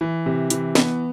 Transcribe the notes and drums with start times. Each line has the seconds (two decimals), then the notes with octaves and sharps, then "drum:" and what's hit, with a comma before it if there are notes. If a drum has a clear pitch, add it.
0.01 E3
0.26 C3
0.50 E3, drum: hi-hat
0.75 B3, drum: snare